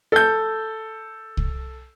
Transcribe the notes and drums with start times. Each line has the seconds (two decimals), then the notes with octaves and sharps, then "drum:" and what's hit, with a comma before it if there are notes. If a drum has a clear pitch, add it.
0.12 A4 G6
1.37 drum: kick C2